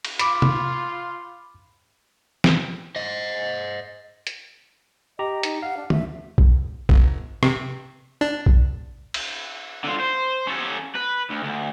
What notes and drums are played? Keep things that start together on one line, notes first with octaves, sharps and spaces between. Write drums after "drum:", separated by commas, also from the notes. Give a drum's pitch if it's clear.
drum: cymbal
F4 B5 D6, drum: hi-hat
drum: tom C3
drum: snare
C5 D#5
drum: hi-hat
G4 D#5 A#5
D#4, drum: hi-hat
F5 F#5
D4
D2 E5, drum: tom
drum: kick B1
G1, drum: kick B1
C3, drum: rim click
D4
drum: kick B1
drum: cymbal
D3 F4
C5
C#4 A4
B4
D2
D2